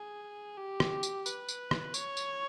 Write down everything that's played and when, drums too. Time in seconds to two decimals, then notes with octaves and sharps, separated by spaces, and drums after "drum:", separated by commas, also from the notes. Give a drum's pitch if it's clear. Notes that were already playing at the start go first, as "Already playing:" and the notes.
Already playing: G#4
0.58 G4
0.80 drum: rim click
1.03 drum: tambourine
1.26 B4, drum: tambourine
1.48 drum: tambourine
1.71 drum: rim click
1.94 C#5, drum: tambourine
2.17 drum: tambourine